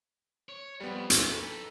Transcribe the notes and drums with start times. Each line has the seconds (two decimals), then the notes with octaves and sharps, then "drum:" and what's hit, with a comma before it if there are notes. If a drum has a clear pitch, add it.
0.49 C#5
0.80 F2 G3 B3
1.10 E6, drum: hi-hat
1.32 D#4 A4 B4